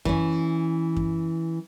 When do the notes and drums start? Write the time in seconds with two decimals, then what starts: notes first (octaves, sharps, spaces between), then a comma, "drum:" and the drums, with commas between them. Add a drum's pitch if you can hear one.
0.05 E3 C#4, drum: kick F#2
0.96 drum: kick F#2